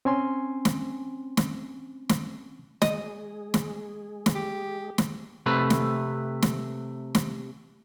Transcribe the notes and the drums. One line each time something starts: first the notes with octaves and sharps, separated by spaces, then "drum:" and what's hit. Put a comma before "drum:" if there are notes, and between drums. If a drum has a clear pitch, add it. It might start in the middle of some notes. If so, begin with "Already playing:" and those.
C4 C#4 G#5 C6
drum: snare
drum: snare
drum: snare
G#3 G#4 D#5, drum: snare
drum: snare
drum: snare
G4
drum: snare
C3 A3 B4
drum: snare
drum: snare
drum: snare